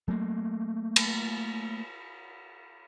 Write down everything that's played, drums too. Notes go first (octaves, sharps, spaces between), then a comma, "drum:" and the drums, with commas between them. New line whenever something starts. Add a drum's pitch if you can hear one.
F#3 A3 A#3
drum: cymbal